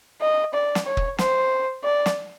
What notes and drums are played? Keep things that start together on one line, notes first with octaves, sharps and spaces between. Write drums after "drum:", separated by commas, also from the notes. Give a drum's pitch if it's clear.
D#5
D5
drum: snare
C#5
drum: kick
C5, drum: snare
D5
drum: snare